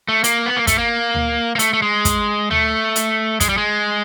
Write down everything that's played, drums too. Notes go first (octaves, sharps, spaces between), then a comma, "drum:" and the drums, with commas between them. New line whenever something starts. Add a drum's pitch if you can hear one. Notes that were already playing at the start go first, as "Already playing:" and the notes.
A3
A#3, drum: hi-hat
B3
A#3
A3, drum: kick, hi-hat
A#3
drum: tom D2
A#3
A3, drum: hi-hat
A3
G#3
drum: kick, hi-hat
A3, drum: tom D2
drum: hi-hat
G#3, drum: kick, hi-hat
G3
G#3